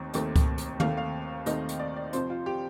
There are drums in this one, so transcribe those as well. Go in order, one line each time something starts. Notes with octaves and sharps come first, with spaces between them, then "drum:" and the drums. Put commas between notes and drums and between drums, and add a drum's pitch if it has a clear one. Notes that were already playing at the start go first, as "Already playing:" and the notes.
Already playing: D#2 D#3 A3 C4
D#2 D#3 A3 C4, drum: hi-hat
drum: kick C#2, hi-hat
drum: hi-hat
D#2 D#3 A3 C4 F5, drum: tom
F5
D#2 D#3 A3 C4 D#5, drum: hi-hat
drum: hi-hat
D5
D5
F2 C3 F3 C4 C5, drum: hi-hat
F4
G4